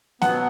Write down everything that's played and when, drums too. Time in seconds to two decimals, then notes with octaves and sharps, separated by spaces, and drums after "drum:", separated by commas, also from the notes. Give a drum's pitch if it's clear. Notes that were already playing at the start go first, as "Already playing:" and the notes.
0.22 B2 F#3 B3 F#5, drum: snare B3